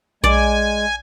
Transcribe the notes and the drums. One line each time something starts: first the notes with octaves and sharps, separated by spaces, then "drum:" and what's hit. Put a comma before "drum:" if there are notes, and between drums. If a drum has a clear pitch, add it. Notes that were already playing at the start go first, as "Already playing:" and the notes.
G#3 D5 G#5, drum: kick A#1